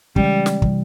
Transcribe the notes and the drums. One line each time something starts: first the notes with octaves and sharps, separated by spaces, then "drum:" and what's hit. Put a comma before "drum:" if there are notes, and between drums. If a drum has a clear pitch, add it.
C#3 E3 G3 G#3 C#4, drum: kick
drum: snare
C3 E3 G3, drum: kick